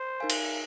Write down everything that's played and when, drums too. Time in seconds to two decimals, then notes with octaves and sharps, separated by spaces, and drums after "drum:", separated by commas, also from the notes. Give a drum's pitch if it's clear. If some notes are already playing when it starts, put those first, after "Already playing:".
Already playing: C5
0.20 D#4 A#4 F5 G#5
0.30 drum: cymbal